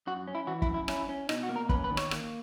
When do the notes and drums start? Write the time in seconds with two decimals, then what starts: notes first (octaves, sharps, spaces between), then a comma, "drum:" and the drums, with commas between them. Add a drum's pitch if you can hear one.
0.07 F#2 F#4
0.28 C#4
0.35 E4
0.47 E3 F#4
0.62 E4, drum: kick
0.68 F#2
0.74 E4
0.88 C#4 E4, drum: rim click
1.09 C#4
1.29 B2 D#4, drum: rim click
1.43 F#4
1.49 A#3
1.56 A#4
1.69 C#4 B4, drum: kick
1.84 B4
1.90 D#3
1.97 C#5, drum: rim click
2.11 A#3, drum: rim click